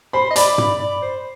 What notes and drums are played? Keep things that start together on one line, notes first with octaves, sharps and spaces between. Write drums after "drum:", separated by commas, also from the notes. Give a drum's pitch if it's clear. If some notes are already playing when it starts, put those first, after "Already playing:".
C5 B5
D#5
D5 B5, drum: hi-hat
drum: tom
D5
C5